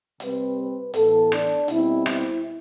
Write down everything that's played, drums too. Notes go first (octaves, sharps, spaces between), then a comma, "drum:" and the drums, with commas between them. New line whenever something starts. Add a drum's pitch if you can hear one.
C3 G3 C4 B4, drum: hi-hat
B4
A2 E3 B3 A4, drum: hi-hat
D4, drum: rim click
B2 G3 C4 E4, drum: hi-hat
E4, drum: rim click